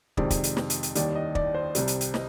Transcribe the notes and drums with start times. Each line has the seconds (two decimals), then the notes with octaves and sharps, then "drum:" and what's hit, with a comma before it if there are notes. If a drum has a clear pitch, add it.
0.17 F2 C3 D#3 G#3 D5, drum: kick
0.30 drum: kick, hi-hat
0.44 drum: hi-hat
0.57 drum: snare
0.70 drum: hi-hat
0.83 drum: hi-hat
0.95 D#2 D#3 G3 D5, drum: hi-hat
1.15 D#5
1.35 D5, drum: kick
1.54 C5
1.75 C2 C3 G3 D5, drum: hi-hat
1.88 drum: hi-hat
2.01 drum: hi-hat
2.14 D#5, drum: snare